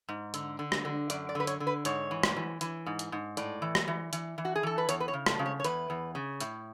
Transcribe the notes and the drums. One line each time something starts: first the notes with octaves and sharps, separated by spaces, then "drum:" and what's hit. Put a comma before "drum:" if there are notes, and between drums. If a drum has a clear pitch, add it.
G#2
D3, drum: hi-hat
D3
drum: rim click
D3
F#2 D5, drum: hi-hat
D5
D3 B4
C#5, drum: hi-hat
D3
B4
G#2 C#5, drum: hi-hat
E3
drum: rim click
E3
E3, drum: hi-hat
G#2
drum: hi-hat
G#2
A2 D5, drum: hi-hat
E3
drum: rim click
E3
E3, drum: hi-hat
E3
F#4
G#4
E3 A4
B4
E2 C#5, drum: hi-hat
B4
C#5
C#3
A4, drum: rim click
C#3
C#5
C#5
E2 B4, drum: hi-hat
E2
C#3
A2, drum: hi-hat